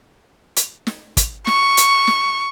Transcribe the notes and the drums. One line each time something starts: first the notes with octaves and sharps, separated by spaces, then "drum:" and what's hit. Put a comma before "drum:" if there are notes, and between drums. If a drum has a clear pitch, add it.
drum: hi-hat
drum: snare
drum: kick, hi-hat
C#6, drum: snare
drum: hi-hat
drum: snare